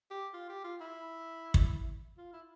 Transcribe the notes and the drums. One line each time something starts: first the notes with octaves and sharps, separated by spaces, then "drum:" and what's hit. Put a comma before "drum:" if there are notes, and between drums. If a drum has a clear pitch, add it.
G4
F4
G4
F4
E4
drum: kick
F4
E4